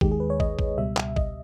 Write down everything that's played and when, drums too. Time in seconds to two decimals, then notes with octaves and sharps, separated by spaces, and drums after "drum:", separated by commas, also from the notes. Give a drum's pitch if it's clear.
0.01 D#2 D#3 G#3 G4, drum: kick
0.11 G#4
0.20 B4
0.30 C#5
0.40 D#5, drum: kick
0.59 drum: kick
0.77 C#2 B2 G3 E5
0.97 drum: clap
1.16 D#5, drum: kick